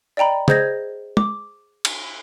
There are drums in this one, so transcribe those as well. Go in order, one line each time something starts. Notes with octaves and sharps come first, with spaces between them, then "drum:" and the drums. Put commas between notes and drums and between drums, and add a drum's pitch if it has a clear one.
D5 D#5 G5 A#5 B5
G#4 C5 D#5 G6 G#6 A#6, drum: tom
D6, drum: tom
drum: cymbal